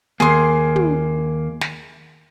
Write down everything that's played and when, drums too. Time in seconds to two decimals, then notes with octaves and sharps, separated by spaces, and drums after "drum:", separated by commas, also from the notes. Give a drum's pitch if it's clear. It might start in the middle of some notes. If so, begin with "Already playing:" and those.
0.20 D#2 A#3 G#4 C6
0.76 drum: tom
1.61 drum: snare